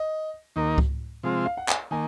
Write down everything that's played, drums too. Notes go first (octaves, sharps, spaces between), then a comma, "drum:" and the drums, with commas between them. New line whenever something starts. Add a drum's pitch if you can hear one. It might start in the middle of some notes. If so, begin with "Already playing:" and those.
Already playing: D#5
D#2 D#3 A#3 D#4 A#4
drum: kick C#2
C3 F3 G#3 C4 F4
F5
F#5
G#5, drum: clap
D#3 A#3 G#5